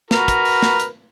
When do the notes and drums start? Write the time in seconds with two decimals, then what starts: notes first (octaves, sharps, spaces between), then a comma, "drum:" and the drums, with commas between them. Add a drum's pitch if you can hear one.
0.11 F#4 A#4 B4, drum: snare
0.28 drum: kick, hi-hat
0.45 drum: open hi-hat
0.62 drum: snare
0.80 drum: hi-hat